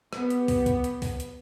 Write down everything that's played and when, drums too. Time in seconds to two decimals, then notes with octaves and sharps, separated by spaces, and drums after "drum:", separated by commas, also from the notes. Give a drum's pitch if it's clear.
0.13 B3 G4, drum: rim click
0.30 drum: hi-hat
0.48 drum: kick, open hi-hat
0.66 drum: kick, hi-hat
0.84 drum: hi-hat
1.02 drum: kick, open hi-hat
1.20 drum: hi-hat